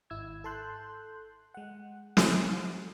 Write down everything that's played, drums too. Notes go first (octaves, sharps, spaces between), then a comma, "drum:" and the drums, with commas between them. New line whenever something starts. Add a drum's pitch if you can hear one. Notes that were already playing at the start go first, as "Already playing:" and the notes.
G#1 E4 E6 G#6
A4 A5 C6 F#6 G6
G#3 F#5
drum: snare